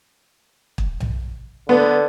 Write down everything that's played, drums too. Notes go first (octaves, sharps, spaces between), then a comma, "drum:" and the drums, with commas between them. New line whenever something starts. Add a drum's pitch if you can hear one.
drum: kick
drum: tom B1
D3 B3